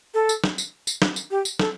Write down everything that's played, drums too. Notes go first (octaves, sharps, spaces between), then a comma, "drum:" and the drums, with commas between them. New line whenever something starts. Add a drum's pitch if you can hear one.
A4
drum: tambourine
drum: snare
drum: tambourine
drum: tambourine
drum: snare
drum: tambourine
G4
drum: tambourine
A4, drum: snare